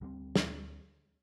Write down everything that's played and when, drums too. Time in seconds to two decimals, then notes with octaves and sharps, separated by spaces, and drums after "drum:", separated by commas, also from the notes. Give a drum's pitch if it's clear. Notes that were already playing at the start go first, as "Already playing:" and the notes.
0.01 D2 G3 B3 C4
0.36 drum: snare